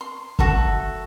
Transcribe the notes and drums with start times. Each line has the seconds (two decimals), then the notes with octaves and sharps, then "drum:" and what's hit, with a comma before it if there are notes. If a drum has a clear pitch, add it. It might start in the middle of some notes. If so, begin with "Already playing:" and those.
0.01 C6
0.39 F#4 A4 E5, drum: kick